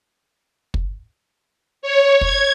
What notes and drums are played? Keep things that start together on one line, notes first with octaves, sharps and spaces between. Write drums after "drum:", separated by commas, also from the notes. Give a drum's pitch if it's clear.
drum: kick
C#5
G#6, drum: kick